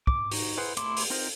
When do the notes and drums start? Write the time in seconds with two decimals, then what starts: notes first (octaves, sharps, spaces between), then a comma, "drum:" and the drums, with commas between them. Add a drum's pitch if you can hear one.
0.07 D6, drum: kick
0.31 D#4 F#4, drum: open hi-hat
0.57 E4 G#4 B4 C5 F#5
0.77 A3 E4 C6 D6, drum: hi-hat
0.97 drum: open hi-hat
1.10 C4 D#4 F4 A#4 C5